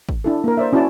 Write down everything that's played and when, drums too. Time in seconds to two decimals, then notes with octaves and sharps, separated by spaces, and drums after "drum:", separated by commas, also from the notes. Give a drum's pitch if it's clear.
0.09 drum: kick
0.24 D4 E4 A4
0.44 A#3 A#4
0.57 C5 D5 E5
0.73 C#4 E4 F#4 D5 A5